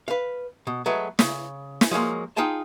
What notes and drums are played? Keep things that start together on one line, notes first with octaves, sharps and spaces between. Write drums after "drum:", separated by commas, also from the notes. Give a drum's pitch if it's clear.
B4 F5
B2
F#3 G#3 A3 B4
C#3, drum: snare
drum: snare
F3 F#3 G#3 A#3
D#4 F4 G#4 G5 A5